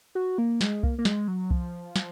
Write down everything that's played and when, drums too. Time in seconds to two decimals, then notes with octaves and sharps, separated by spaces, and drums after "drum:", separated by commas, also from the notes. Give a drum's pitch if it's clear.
0.15 F#4
0.38 A#3
0.61 G#3, drum: snare
0.83 A#3, drum: kick C2
0.98 A#3
1.05 G#3, drum: snare
1.28 F#3
1.51 F3, drum: kick C2
1.96 drum: snare